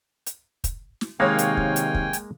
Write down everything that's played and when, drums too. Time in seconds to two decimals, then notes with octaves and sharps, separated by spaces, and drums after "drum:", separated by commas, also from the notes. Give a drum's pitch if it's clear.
0.26 drum: hi-hat
0.64 drum: kick, hi-hat
1.01 drum: snare
1.20 C3 D#3 G#3 A#3 C#5 F5 G5 G#5
1.38 drum: hi-hat
1.57 drum: kick
1.76 drum: hi-hat
1.95 drum: kick
2.13 drum: hi-hat